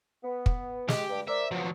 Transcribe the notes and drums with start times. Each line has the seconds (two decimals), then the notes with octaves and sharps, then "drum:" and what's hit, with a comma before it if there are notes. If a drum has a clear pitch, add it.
0.24 B3
0.46 drum: kick
0.89 G#3 G4, drum: snare
1.09 G2
1.28 A#4 C5 D5 E5
1.51 F3 F#3 B3 C#4